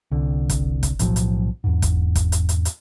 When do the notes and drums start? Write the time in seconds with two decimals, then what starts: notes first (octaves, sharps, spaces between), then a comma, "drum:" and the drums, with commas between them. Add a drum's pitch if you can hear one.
0.11 C2 D3
0.49 drum: kick, hi-hat
0.83 drum: kick, hi-hat
0.99 B1 A2 F3 F#3, drum: hi-hat
1.16 drum: hi-hat
1.64 E2 G#2
1.82 drum: kick, hi-hat
2.15 drum: kick, hi-hat
2.32 drum: hi-hat
2.49 drum: hi-hat
2.65 drum: hi-hat